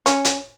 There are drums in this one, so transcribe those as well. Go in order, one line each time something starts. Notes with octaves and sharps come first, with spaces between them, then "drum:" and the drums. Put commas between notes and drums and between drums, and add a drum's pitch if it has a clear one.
C#4, drum: hi-hat
drum: hi-hat